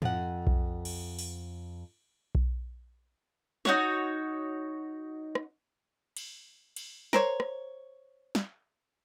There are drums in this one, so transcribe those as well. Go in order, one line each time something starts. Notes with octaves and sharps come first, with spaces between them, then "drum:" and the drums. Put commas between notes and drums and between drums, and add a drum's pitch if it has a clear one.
F2 F#5, drum: tom
drum: kick B1
drum: cymbal
drum: open hi-hat
drum: kick B1
D#4 F#4 C#5, drum: snare
drum: rim click
drum: cymbal
drum: cymbal
A#4 C5 C#5, drum: snare
drum: rim click
drum: snare